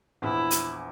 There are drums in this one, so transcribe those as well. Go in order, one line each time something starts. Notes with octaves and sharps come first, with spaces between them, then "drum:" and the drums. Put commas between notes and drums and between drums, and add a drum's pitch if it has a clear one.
A#1 E2 E4
drum: hi-hat